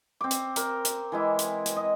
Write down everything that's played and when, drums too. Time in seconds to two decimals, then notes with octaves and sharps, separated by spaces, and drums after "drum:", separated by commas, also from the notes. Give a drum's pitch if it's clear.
0.21 C4 D6
0.31 drum: hi-hat
0.56 A#4, drum: hi-hat
0.85 drum: hi-hat
1.12 E3 G#3 E4
1.39 drum: hi-hat
1.66 drum: hi-hat
1.76 D#5